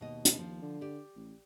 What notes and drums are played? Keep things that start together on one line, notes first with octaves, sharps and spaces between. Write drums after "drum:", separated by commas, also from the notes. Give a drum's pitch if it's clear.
D#2 B2 D#5
drum: hi-hat
F3
D3
G4 D5
A1